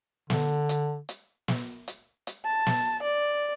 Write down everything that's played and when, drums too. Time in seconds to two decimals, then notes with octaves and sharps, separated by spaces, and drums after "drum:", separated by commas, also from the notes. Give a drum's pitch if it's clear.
0.30 D3, drum: snare
0.69 drum: hi-hat
1.09 drum: hi-hat
1.48 drum: snare
1.88 drum: hi-hat
2.27 drum: hi-hat
2.45 A5
2.67 drum: snare
3.03 D5